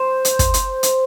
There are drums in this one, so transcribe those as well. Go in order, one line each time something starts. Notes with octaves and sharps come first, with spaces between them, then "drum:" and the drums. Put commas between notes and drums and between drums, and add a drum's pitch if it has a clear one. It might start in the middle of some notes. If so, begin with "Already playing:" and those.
Already playing: C5
drum: hi-hat
drum: kick, hi-hat
drum: hi-hat
drum: hi-hat